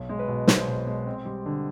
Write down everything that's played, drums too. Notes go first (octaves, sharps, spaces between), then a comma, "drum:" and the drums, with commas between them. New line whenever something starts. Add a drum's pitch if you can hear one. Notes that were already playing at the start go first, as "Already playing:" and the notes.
Already playing: B1
G#3
B4
B2
B1 C5, drum: snare
B1
G#3
C4
G3
D3